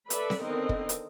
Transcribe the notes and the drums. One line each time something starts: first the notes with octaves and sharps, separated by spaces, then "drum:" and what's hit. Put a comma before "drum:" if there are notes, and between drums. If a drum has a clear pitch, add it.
A4 B4 D5 E5 B5, drum: hi-hat
drum: snare C4
D3 D#3 B3 C4 A#4 D#5
drum: kick
drum: hi-hat